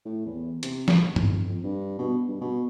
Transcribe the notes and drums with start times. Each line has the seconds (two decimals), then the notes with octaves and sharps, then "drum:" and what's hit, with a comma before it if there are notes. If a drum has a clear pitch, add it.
0.05 A2
0.25 E2
0.63 C3, drum: hi-hat
0.88 D#1, drum: snare
1.16 F2, drum: tom
1.47 F2
1.64 G2
1.99 B2
2.28 G2
2.41 B2